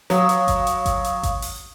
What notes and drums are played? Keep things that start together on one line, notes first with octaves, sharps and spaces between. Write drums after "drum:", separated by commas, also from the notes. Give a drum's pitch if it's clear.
F#3 F5 C#6 D#6, drum: snare
drum: hi-hat
drum: kick G#1, hi-hat
drum: hi-hat
drum: kick G#1, hi-hat
drum: hi-hat
drum: kick G#1, hi-hat
drum: open hi-hat